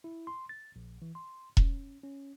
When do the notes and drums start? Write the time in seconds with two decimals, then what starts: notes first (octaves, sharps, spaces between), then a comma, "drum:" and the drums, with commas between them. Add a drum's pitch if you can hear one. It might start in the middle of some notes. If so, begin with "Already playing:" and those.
0.04 E4
0.27 C6
0.49 A6
0.76 A#1
1.02 E3
1.15 C6
1.57 C#4, drum: kick E1
2.03 C#4